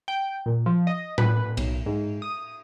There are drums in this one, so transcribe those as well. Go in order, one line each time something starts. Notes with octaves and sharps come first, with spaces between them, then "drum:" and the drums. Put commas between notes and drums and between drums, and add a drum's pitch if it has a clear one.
G5
A#2
F3
D#5
B4, drum: tom A2
B1, drum: cymbal
G#2
D#6